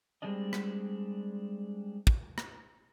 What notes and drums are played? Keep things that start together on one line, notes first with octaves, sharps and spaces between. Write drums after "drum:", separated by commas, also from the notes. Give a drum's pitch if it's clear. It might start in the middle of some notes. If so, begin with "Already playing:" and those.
G3 G#3 C4 D4 D#5
drum: rim click
drum: kick
drum: rim click